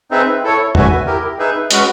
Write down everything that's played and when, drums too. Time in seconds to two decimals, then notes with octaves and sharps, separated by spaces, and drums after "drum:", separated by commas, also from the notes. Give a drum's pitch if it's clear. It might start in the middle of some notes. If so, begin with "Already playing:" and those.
0.11 C4 D#4 G#4 B4 E5
0.43 E4 A4 C#5
0.75 F#4 B4 E5 G#5, drum: tom E2
1.06 E4 G4 A#4
1.39 D#4 G#4 B4 E5
1.71 G#3 C#4 F#4 B4, drum: hi-hat